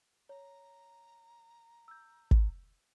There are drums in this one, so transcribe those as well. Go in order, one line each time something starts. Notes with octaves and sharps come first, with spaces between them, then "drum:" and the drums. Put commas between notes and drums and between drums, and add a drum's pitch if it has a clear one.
C#5 A#5
E6 G6
drum: kick